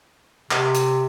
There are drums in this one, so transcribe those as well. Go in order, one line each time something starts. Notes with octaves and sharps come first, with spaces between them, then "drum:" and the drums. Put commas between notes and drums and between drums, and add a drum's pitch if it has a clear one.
C3, drum: clap
drum: hi-hat